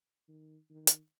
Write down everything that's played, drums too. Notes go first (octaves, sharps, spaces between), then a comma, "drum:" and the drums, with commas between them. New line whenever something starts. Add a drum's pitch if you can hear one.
D#3
D#3
drum: hi-hat